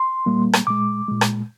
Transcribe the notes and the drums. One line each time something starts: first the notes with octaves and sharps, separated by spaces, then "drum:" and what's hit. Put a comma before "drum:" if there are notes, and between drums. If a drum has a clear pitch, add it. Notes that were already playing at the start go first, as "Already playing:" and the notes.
Already playing: C6
A#2 G3 A#3
drum: rim click
A#2 G#3 D6
A#2 G#3
drum: rim click